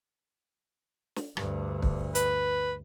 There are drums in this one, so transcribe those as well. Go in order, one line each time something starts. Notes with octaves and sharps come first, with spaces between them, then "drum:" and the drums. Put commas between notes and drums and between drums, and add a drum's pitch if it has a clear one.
drum: snare
D2 G2, drum: rim click
drum: kick
B4, drum: hi-hat